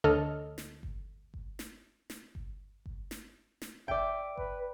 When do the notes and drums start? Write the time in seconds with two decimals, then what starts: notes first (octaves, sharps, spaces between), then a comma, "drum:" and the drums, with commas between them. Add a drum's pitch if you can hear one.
0.04 D2 A4 C#5 D#5 F6
0.58 drum: snare
0.83 drum: kick G1
1.34 drum: kick G1
1.59 drum: snare
2.10 drum: snare
2.35 drum: kick G1
2.86 drum: kick G1
3.11 drum: snare
3.62 drum: snare
3.88 D5 E5 G5, drum: kick G1
4.38 B4, drum: kick G1